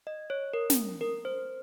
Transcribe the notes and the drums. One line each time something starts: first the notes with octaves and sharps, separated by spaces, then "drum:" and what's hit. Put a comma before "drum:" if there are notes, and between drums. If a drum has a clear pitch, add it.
D#5
C#5
A#4
drum: snare
A#4
C5